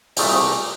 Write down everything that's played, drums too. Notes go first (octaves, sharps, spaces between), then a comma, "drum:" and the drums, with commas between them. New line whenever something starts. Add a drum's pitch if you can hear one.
C2 A#2 A3 D#5, drum: open hi-hat